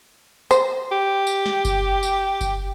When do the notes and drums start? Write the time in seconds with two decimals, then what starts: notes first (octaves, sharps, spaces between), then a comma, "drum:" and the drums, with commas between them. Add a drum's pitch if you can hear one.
0.51 C5, drum: tambourine
0.92 G4
1.27 drum: tambourine
1.46 drum: snare
1.65 drum: kick F#1, tambourine
2.03 drum: tambourine
2.41 drum: kick F#1, tambourine